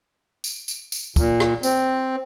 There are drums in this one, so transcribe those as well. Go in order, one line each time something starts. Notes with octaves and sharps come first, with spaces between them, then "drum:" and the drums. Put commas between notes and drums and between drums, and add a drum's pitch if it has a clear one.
drum: tambourine
drum: tambourine
drum: tambourine
A#2, drum: kick, tambourine
drum: rim click
C4, drum: tambourine